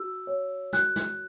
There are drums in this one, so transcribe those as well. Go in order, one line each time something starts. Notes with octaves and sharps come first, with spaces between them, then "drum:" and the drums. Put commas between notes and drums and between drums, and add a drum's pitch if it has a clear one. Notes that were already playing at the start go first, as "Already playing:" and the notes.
Already playing: F#4 E6
C#5
F#4 F#6, drum: snare
drum: snare